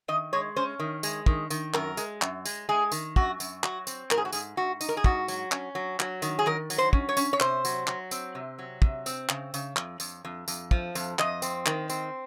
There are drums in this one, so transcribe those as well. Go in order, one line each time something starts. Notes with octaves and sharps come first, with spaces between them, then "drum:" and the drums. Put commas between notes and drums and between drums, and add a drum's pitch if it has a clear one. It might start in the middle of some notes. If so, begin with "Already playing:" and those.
D#3 D#5
G#3 C#5
C#4 C5
D#3
G#3, drum: tambourine
D#3, drum: kick
D#3, drum: tambourine
F#2 A#4, drum: clap
G#3, drum: tambourine
F#2, drum: clap
G#3, drum: tambourine
G#3 G#4
D#3, drum: tambourine
F#2 F#4, drum: kick
F#2, drum: tambourine
F#3 F#4, drum: clap
C4, drum: tambourine
G#2 A#4, drum: clap
G#4
F#4
G#2 G#4, drum: tambourine
G#2 F#4
D#4, drum: tambourine
A#4
G#4
G#2 F#4, drum: kick
F#3, drum: tambourine
C#4, drum: clap
F#3
F#3, drum: clap
D#3, drum: tambourine
G#4
D#3 A#4
F#3, drum: tambourine
C5
C#4, drum: kick
C#5
C#4, drum: tambourine
C#5
C3 C5, drum: clap
F#3, drum: tambourine
F#3, drum: clap
C4, drum: tambourine
C3
F#3
C3, drum: kick
C4, drum: tambourine
C#3, drum: clap
C#3, drum: tambourine
F2, drum: clap
F2, drum: tambourine
F2
F2, drum: tambourine
F3, drum: kick
F2, drum: tambourine
F2 D#5, drum: clap
C4, drum: tambourine
D#3, drum: clap
C4, drum: tambourine